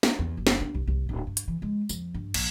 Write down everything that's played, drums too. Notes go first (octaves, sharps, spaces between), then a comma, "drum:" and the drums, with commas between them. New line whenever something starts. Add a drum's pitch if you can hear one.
drum: snare
E2
F#1
drum: snare
D4
C2
C2
D1
G2
drum: hi-hat
E3
G#3
F2, drum: tambourine
G2
A#1, drum: cymbal